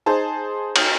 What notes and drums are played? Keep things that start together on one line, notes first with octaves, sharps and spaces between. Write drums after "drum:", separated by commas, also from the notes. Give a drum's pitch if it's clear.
D#4 G#4 C5 A5
drum: cymbal